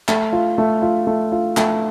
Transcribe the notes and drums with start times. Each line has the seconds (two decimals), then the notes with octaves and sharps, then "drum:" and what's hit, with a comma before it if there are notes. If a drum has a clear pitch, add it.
0.08 A3, drum: clap
0.33 F4
0.58 A3
0.82 F4
1.07 A3
1.32 F4
1.57 A3, drum: clap